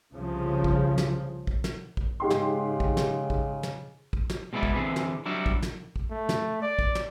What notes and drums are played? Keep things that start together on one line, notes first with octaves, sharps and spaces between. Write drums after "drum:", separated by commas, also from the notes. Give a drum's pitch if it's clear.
C2 C#3 F3
drum: kick
drum: snare
drum: kick
drum: snare
drum: kick
G#2 C#3 G4 C6
drum: snare
drum: kick
drum: snare
drum: kick
drum: snare
drum: kick
drum: snare
B2 G#3 B3 E4 D5 B5
drum: kick
D3 E3 C4 G#4 B4
drum: snare
F#3 G3 D4 E4 F#4
drum: kick
drum: snare
drum: kick
A3
drum: snare
D5
drum: kick
drum: snare